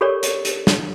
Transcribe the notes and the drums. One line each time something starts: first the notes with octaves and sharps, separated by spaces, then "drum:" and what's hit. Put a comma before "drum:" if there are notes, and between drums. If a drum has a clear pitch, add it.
G4 A4 A#4 C#5 D5
drum: hi-hat
drum: hi-hat
drum: snare